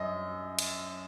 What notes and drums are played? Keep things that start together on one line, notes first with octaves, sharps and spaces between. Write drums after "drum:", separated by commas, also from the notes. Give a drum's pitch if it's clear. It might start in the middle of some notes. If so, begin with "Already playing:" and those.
Already playing: F#2 D#5
drum: cymbal